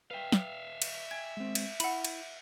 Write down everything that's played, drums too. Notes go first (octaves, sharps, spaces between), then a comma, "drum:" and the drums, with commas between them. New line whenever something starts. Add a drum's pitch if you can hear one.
B4 E5 F5 G5
drum: snare
drum: cymbal
G5 G#5 G#6
G#3 C4
drum: cymbal
E4 F#5 B5, drum: cymbal
drum: cymbal